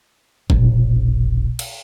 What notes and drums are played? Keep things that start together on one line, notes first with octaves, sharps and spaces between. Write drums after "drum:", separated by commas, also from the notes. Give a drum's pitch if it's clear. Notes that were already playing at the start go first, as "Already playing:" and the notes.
E1 A#1, drum: kick G1
drum: cymbal